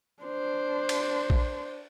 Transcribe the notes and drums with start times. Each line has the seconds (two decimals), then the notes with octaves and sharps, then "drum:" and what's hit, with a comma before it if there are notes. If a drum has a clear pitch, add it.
0.23 D4 C5
0.89 drum: cymbal
1.30 drum: kick A#1